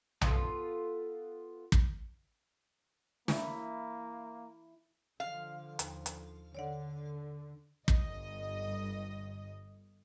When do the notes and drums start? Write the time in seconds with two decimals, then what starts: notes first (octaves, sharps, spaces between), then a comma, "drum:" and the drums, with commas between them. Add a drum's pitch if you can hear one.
0.21 B3 F4 A4, drum: tom B1
1.72 drum: kick
3.28 A#3 E4, drum: snare
5.20 D3 F3 F5
5.79 D#2, drum: hi-hat
6.06 drum: hi-hat
6.55 D3 C#5 D5 F#5
7.88 G1 G2 D#5, drum: kick